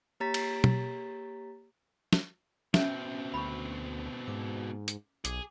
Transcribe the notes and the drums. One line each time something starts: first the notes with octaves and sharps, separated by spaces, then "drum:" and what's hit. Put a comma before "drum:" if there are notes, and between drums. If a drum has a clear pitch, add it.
A#3 G4 C#5 A#5 A6 B6
drum: cymbal
drum: tom B2
drum: snare
B2 C4 C#4 E5, drum: snare
D2 B5 C#6
G#2 D6
drum: hi-hat
B1 G#4 D6, drum: hi-hat